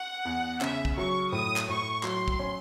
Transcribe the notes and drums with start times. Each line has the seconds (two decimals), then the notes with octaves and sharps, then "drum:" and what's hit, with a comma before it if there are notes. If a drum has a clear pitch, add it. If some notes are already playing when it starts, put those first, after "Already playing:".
Already playing: F#5
0.25 E2
0.61 C#3 E5, drum: clap
0.85 drum: kick
0.97 F#3 C#6
1.32 A2 D#6
1.56 drum: clap
1.69 A2 C#6
2.03 F#3 C6, drum: clap
2.28 drum: kick
2.39 C#4